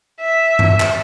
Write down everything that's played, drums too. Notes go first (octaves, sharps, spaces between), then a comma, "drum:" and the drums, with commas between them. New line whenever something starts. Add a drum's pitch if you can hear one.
E5
drum: tom G2
drum: clap